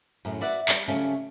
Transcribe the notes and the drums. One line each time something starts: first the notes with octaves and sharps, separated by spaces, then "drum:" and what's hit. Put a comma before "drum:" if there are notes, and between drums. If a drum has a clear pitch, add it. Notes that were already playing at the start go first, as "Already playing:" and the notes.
F#2 A2 C#3
F#4 B4 D5 E5 F#5
G3, drum: clap
C#3 F#3 G3 A3 C#4